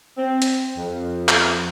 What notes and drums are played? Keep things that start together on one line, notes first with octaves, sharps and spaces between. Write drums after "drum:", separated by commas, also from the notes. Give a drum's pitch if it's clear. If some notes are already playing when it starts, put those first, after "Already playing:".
C4
drum: hi-hat
F2
drum: clap